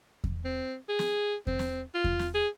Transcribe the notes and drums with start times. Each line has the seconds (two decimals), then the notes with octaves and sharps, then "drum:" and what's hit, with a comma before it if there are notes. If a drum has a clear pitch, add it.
0.24 drum: kick E2
0.45 C4
0.89 G#4
0.99 drum: snare
1.47 C4, drum: kick E2
1.59 drum: snare
1.95 F4
2.04 drum: kick E2
2.19 drum: snare
2.34 G#4